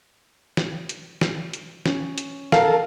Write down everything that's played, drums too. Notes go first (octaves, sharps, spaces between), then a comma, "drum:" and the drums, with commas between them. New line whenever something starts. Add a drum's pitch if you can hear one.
drum: snare
drum: hi-hat
drum: snare
drum: hi-hat
C#4, drum: snare
drum: hi-hat
A4 A#4 F5, drum: snare